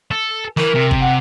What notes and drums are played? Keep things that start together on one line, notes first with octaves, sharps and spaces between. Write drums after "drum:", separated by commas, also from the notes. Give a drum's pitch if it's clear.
A4
E3 A#4, drum: snare
C3
drum: kick
F#5